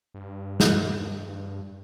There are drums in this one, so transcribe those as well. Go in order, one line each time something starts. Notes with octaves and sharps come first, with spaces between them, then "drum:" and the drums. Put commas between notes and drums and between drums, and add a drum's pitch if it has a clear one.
G2
drum: snare